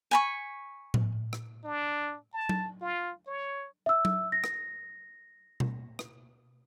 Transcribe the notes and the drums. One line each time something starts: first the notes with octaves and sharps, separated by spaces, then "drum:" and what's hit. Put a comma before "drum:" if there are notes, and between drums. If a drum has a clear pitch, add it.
G#5 B5 C#6
drum: tom A2
drum: rim click
D4
A5
drum: tom F#3
F4
C#5
E5 E6
drum: tom F#3
A#6
drum: rim click
drum: tom B2
drum: rim click